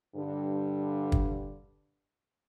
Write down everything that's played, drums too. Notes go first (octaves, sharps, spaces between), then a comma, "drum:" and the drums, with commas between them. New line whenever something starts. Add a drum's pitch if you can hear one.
G2 D3
drum: kick